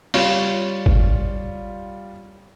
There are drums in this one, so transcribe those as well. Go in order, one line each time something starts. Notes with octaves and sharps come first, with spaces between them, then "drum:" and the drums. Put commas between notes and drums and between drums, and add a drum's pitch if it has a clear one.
G3 F4 C#5, drum: open hi-hat
drum: kick G1